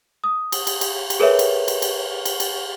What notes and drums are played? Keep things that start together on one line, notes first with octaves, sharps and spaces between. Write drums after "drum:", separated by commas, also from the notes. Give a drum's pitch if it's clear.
D#6
drum: cymbal
drum: cymbal
drum: cymbal
drum: cymbal
G#4 A#4 B4 C#5 E5
drum: cymbal
drum: cymbal
drum: cymbal
drum: cymbal
drum: cymbal